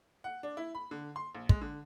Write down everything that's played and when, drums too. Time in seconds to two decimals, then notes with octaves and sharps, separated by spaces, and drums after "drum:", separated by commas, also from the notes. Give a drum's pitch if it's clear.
0.24 F#5
0.43 D4
0.57 E4
0.75 B5
0.91 D3
1.16 C6
1.35 A#1
1.49 G#3, drum: kick
1.61 D3